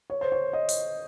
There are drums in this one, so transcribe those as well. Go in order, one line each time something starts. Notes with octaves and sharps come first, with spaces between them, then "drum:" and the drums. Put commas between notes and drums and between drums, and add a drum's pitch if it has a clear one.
C#5
C5
C#5
D#5
drum: open hi-hat